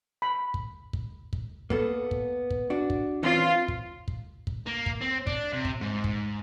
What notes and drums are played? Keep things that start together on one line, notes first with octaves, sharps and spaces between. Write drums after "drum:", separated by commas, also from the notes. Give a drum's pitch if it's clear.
B5
drum: kick
drum: kick
drum: kick
A#3 B3 A4, drum: kick
drum: kick
drum: kick
D4 F#4
drum: kick
E3 C4 C#4 F4
drum: kick
drum: kick
drum: kick
A#3
drum: kick
C4
D4, drum: kick
C3
drum: kick
G#2
drum: kick